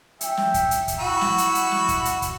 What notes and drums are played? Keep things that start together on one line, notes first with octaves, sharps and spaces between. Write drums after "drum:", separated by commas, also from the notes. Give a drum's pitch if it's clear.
E5 G5, drum: hi-hat
drum: snare
drum: kick, hi-hat
drum: hi-hat
drum: kick, hi-hat
E4 F#4 F#5 B5 C#6 E6
drum: snare
drum: hi-hat
drum: hi-hat
drum: snare
drum: kick, hi-hat
drum: hi-hat
drum: kick, hi-hat